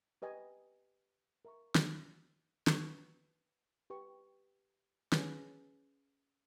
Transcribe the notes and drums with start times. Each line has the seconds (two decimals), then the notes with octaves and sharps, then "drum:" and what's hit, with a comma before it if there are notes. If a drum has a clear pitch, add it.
0.22 G4 B4 D#5 G#5
1.45 A#4 E5 A#5 C#6
1.75 drum: snare
2.67 B4 G5 C#6, drum: snare
3.90 G4 B4 G5 C#6
5.12 C#4 G#4 B4, drum: snare